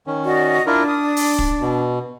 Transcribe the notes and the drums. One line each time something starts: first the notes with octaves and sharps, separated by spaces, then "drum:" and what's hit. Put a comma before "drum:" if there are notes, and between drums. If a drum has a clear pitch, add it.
D#3 C#4
F#4 D5 D#5
D4 E4 F4 A#4
D#6
drum: open hi-hat
drum: kick
B2